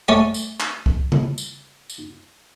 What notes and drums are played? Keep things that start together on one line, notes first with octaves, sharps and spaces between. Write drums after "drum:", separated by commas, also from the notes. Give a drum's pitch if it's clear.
A3 C#5 D5 G#5
drum: tambourine
drum: clap
drum: kick C2
drum: tom C#3
drum: tambourine
drum: tambourine